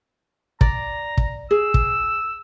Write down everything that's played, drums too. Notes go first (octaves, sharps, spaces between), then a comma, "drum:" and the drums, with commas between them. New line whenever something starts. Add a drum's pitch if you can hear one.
D5 A#5, drum: kick
drum: kick
G#4 E6
drum: kick